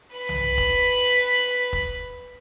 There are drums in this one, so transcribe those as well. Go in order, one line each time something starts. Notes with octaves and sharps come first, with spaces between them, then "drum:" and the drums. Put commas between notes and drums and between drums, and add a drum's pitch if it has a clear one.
B4 B5
drum: tom B1
drum: kick F1
drum: kick F1